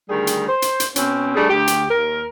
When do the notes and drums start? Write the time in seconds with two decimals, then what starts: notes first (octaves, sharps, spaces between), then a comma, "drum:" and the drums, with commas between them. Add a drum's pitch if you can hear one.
0.09 D2 D#3 G3 G#4
0.27 drum: hi-hat
0.49 C5
0.62 drum: hi-hat
0.80 drum: hi-hat
0.96 B2 C4 C#4, drum: hi-hat
1.36 G3 A3 D4 G#4
1.50 D2 G4
1.67 drum: hi-hat
1.91 D#2 A#4